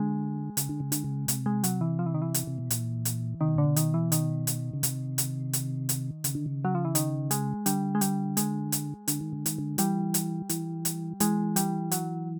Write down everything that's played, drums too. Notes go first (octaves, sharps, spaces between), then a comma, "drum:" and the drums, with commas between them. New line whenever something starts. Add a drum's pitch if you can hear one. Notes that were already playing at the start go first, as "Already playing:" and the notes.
Already playing: D3 G#3
C#3, drum: hi-hat
D3
C#3
D3, drum: hi-hat
C#3
C3, drum: hi-hat
G#3
F#3, drum: hi-hat
E3
F3
E3
D#3
E3
drum: hi-hat
C3
B2
A#2, drum: hi-hat
drum: hi-hat
C3 D#3
B2
A#2 D3
B2
D#3, drum: hi-hat
E3
D#3, drum: hi-hat
drum: hi-hat
C#3
C3, drum: hi-hat
drum: hi-hat
drum: hi-hat
drum: hi-hat
C#3, drum: hi-hat
D3
C#3
F#3
F3
E3
D#3, drum: hi-hat
G#3, drum: hi-hat
D3 G3, drum: hi-hat
G#3
G3, drum: hi-hat
G#3, drum: hi-hat
drum: hi-hat
D3, drum: hi-hat
D#3
D3
D#3, drum: hi-hat
D3
E3 G3, drum: hi-hat
drum: hi-hat
E3, drum: hi-hat
drum: hi-hat
E3 G#3, drum: hi-hat
G3, drum: hi-hat
F#3, drum: hi-hat